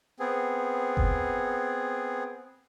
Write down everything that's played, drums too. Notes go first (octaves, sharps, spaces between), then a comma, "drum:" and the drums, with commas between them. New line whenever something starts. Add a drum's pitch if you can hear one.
B3 C4 G#4
drum: kick F#1